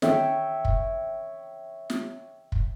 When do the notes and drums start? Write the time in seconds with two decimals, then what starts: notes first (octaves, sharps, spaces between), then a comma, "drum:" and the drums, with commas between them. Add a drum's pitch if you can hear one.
0.02 C#5 E5 G5, drum: snare
0.65 drum: kick
1.90 drum: snare
2.52 drum: kick